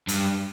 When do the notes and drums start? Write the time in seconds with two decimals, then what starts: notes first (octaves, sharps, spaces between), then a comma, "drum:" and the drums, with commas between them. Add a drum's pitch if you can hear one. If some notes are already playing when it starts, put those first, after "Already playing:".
0.08 G2, drum: hi-hat